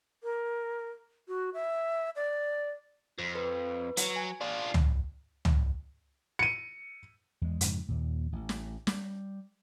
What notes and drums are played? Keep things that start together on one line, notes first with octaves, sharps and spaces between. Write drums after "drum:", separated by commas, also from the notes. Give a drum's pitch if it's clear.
A#4
F#4
E5
D5
F2
B4
F#3, drum: hi-hat
G#5
D4 F4 D5
drum: tom C#2
drum: tom C#2
C#7 D#7
E2 G#3
F2 G#2 C#3, drum: hi-hat
D#2 A#2
A1
drum: snare
G3, drum: snare